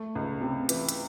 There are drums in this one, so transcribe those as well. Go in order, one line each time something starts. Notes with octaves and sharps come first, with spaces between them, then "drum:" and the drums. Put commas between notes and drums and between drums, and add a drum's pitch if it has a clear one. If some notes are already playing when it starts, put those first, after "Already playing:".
Already playing: A3
C#2
C3
E3, drum: hi-hat
drum: hi-hat